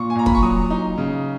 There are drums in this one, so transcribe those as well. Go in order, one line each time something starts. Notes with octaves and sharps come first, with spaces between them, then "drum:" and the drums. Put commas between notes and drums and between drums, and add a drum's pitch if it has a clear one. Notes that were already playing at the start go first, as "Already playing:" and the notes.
Already playing: A#2 C#6
G#5
A#2 A#5
B5, drum: kick
C#6
F#3 D#6
D#4
C#3